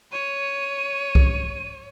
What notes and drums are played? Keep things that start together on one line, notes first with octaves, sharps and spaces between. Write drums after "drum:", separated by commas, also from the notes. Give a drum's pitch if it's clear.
C#5 D#7
drum: kick C2